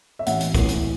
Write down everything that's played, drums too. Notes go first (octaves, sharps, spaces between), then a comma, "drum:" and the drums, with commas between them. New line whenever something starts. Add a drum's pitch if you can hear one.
E5
A1 F#5, drum: hi-hat
drum: hi-hat
A2 E3 C#4, drum: kick, hi-hat
drum: hi-hat